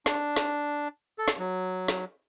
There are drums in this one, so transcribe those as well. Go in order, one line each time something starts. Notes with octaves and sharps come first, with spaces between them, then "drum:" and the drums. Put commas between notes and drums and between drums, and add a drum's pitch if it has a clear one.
D4, drum: snare
drum: snare
A4
drum: snare
F#3
drum: snare